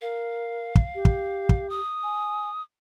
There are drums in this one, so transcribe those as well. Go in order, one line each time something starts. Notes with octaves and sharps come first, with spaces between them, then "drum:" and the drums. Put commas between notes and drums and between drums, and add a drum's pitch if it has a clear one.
A#4 F5
drum: kick
G4
drum: kick
drum: kick
D#6
G#5